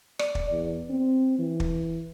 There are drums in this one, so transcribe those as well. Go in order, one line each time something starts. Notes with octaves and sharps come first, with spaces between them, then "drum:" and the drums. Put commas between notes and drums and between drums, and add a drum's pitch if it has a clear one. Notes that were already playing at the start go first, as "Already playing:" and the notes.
D5, drum: rim click
drum: kick
E2
C4
E3
drum: kick